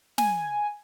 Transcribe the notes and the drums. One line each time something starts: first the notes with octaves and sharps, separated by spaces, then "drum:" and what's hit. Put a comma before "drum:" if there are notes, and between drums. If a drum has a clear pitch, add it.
G#5, drum: snare